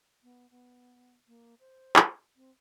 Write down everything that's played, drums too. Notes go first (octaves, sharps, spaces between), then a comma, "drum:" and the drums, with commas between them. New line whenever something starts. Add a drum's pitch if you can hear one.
B3
B3
A#3
C5
drum: clap
C4